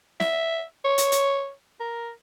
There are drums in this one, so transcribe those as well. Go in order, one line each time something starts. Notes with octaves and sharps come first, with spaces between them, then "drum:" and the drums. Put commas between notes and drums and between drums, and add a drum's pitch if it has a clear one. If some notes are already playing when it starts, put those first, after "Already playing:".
E5, drum: snare
C#5
drum: hi-hat
drum: hi-hat
A#4